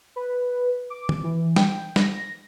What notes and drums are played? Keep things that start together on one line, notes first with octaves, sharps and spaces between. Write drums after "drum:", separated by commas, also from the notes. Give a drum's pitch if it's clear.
B4
D6
drum: tom
E3
G5, drum: snare
A#6, drum: snare